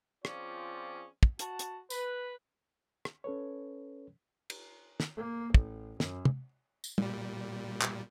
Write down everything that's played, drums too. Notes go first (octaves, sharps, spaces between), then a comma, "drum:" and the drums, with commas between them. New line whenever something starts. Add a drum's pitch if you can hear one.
F3 C4 C#4 F4 G#4 D5, drum: rim click
drum: kick
F#4 A5, drum: hi-hat
drum: hi-hat
B4, drum: tambourine
drum: rim click
C#4 A4 B4 C#5
drum: cymbal
drum: snare
A#3
A1, drum: kick
F#2, drum: snare
drum: tom
drum: tambourine
A#2 G3, drum: tom
drum: clap